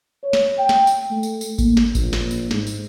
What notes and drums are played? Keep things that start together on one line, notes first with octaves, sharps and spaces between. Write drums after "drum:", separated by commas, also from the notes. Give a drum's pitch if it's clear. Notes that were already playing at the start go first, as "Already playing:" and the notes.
C#5
drum: snare
G5
drum: snare
drum: tambourine
A3
drum: tambourine
drum: tambourine
A#3, drum: kick G#1, tambourine
drum: snare
A#1, drum: kick G#1, tambourine
drum: snare
drum: tambourine
G#2, drum: snare
drum: tambourine